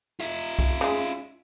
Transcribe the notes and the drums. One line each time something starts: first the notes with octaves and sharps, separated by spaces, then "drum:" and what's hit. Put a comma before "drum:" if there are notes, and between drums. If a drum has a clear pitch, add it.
F4 E5, drum: hi-hat
drum: kick, hi-hat
C#3 G#3